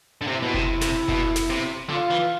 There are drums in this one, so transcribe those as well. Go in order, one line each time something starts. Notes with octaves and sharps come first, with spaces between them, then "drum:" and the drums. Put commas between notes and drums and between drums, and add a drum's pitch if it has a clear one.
D3
C3 E4
B2
C3, drum: kick F1
C3, drum: snare
B2, drum: kick F1
drum: snare
C3
D3 F4
E3